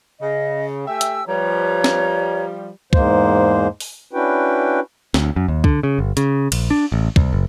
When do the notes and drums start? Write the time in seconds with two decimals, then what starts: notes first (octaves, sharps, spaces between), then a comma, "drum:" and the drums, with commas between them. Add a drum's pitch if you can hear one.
0.21 C#3 D#5
0.87 A3 G4 E5 G5 G#5 E6
1.01 drum: hi-hat
1.27 F3 G3 B4 C#5 A#5
1.84 drum: snare
2.93 E2 G#2 G#3 A#3 C5, drum: kick
3.80 drum: open hi-hat
4.13 C#4 D4 E4 F#4 B4 G5
5.14 D2, drum: snare
5.36 F#2
5.48 D#2
5.64 D3, drum: kick
5.83 C#3
5.99 G1
6.17 C#3, drum: hi-hat
6.52 A#1, drum: cymbal
6.70 D4
6.92 A1
7.16 C2, drum: kick
7.33 F#1